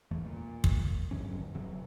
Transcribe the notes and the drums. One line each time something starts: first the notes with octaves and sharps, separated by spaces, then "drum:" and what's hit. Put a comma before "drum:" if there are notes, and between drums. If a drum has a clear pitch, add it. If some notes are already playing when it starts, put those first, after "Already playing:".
E1 E2 E3 A3
A#2
drum: kick
G2 D3 F#3 C#4
D#1 C3 F#3